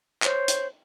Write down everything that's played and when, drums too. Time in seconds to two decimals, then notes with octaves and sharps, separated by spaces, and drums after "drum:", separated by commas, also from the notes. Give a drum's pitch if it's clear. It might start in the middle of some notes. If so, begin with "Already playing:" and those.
0.22 C5 C#5, drum: clap
0.48 drum: hi-hat